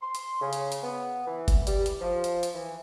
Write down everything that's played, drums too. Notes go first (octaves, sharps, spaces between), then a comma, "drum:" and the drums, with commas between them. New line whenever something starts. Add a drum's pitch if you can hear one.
C6
drum: hi-hat
C#3
drum: hi-hat
drum: hi-hat
B3
E3
drum: kick F#1, hi-hat
G3, drum: hi-hat
drum: hi-hat
F3
drum: hi-hat
drum: hi-hat
E3